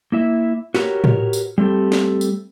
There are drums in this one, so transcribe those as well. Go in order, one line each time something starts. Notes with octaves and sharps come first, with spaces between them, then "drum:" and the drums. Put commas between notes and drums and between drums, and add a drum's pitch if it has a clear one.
A#3 E4 E5
F#4 G4 A#4 B4 C#5, drum: snare
drum: tom A2
drum: tambourine
G3 A3 C4 G4 A4
drum: snare
drum: tambourine